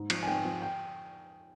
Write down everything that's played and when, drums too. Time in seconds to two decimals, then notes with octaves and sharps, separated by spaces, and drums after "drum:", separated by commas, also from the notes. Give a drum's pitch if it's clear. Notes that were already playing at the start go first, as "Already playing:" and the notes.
Already playing: G#2
0.10 F3, drum: cymbal
0.23 G#5
0.27 G#2 G5
0.45 F3
0.62 G5